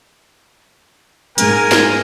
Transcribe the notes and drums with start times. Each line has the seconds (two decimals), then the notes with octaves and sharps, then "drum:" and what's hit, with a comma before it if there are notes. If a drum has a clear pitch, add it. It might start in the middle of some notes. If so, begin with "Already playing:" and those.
1.38 G#2 A#4 G#5, drum: hi-hat
1.72 drum: snare